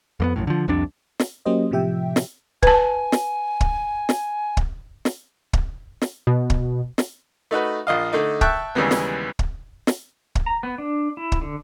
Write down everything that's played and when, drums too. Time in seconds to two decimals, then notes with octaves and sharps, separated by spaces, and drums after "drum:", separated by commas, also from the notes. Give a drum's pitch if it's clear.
0.20 F2 A#3 B3
0.36 A#1 F#2 A2
0.47 D3 F3
0.68 C2 F2 C3 D4
1.20 drum: snare
1.46 F#3 A#3 C#4 G4 C5 D#5
1.71 A2 C3 F3 G4 E5 G5
2.16 drum: snare
2.63 B4 G#5 A5, drum: kick
3.12 drum: snare
3.61 drum: kick
4.09 drum: snare
4.57 drum: kick
5.05 drum: snare
5.53 drum: kick
6.02 drum: snare
6.27 B2
6.50 drum: kick
6.98 drum: snare
7.51 A3 D#4 F#4 B4
7.87 A#1 F4 D#5 F5
8.12 D3 A3 D#4
8.41 E5 G5 A5 C#6 F#6, drum: kick
8.75 D#2 C#3 E3 G3 G#3 B3
8.91 drum: snare
9.39 drum: kick
9.87 drum: snare
10.35 drum: kick
10.46 A#5
10.63 B3
10.78 D4
11.17 E4
11.32 drum: kick
11.41 D3